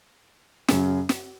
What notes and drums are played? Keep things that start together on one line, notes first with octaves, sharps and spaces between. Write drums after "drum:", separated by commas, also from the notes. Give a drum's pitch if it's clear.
F#2 C#3 F#3, drum: snare
drum: snare